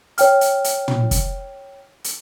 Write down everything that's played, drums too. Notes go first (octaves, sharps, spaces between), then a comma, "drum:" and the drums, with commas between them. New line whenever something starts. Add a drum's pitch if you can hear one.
C#5 G5 F6, drum: hi-hat
drum: hi-hat
drum: hi-hat
drum: tom
drum: kick, hi-hat
drum: hi-hat